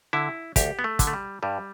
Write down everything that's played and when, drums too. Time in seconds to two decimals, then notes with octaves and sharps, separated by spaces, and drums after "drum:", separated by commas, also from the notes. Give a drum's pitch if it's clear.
0.13 D3 E4
0.56 D2 G4, drum: kick, hi-hat
0.79 B3
0.84 A3
0.99 D3, drum: kick, hi-hat
1.07 A3
1.13 G3
1.43 G2 G3